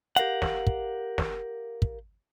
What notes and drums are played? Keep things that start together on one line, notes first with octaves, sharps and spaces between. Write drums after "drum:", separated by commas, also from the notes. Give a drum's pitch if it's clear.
G4 A#4 F5 F#5, drum: hi-hat
drum: snare
drum: kick
drum: snare
drum: kick